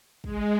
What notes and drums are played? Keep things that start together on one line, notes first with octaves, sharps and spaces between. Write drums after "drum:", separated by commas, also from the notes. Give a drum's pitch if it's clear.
G#3, drum: kick